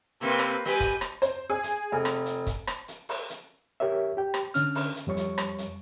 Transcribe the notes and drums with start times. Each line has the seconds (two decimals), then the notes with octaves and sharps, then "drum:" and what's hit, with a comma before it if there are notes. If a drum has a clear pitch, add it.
0.21 C3 A#3 C4 B4
0.39 drum: rim click
0.65 F#3 G4 B4 D#5 G#5
0.80 drum: kick, hi-hat
1.01 drum: rim click
1.22 C5, drum: hi-hat
1.50 G#4
1.63 drum: hi-hat
1.92 F1
2.05 drum: rim click
2.26 drum: hi-hat
2.47 drum: kick, hi-hat
2.67 drum: rim click
2.88 drum: hi-hat
3.09 drum: open hi-hat
3.30 drum: hi-hat
3.80 G4 A#4 C#5 E5
4.17 G4 G5
4.34 drum: rim click
4.54 D3 C#4 F6, drum: hi-hat
4.75 drum: open hi-hat
4.96 drum: hi-hat
5.07 F2 G3 C#5 C#6
5.17 drum: hi-hat
5.38 drum: rim click
5.58 drum: hi-hat